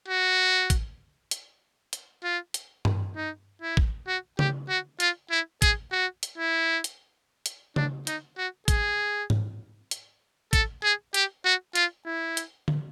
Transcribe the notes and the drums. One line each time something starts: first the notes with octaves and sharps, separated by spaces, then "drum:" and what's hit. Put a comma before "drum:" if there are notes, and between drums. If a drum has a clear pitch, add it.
F#4
drum: kick A1, hi-hat
drum: hi-hat
drum: hi-hat
F4
drum: hi-hat
drum: tom G2
D#4
E4
drum: kick A1
F#4
G4, drum: tom C#3
F#4
F4, drum: hi-hat
E4
G#4, drum: kick A1, hi-hat
F#4
drum: hi-hat
E4
drum: hi-hat
drum: hi-hat
D4, drum: tom C#3
D#4, drum: hi-hat
F#4
G#4, drum: kick A1, hi-hat
drum: tom G#2
drum: hi-hat
A4, drum: kick A1, hi-hat
G#4
G4, drum: hi-hat
F#4
F4, drum: hi-hat
E4
drum: hi-hat
drum: tom D3